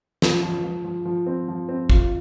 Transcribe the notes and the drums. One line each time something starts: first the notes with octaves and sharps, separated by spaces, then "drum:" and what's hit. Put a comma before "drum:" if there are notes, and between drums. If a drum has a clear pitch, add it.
F3, drum: snare
F3
F3
F3
F3
C4
F3
C4
F4, drum: kick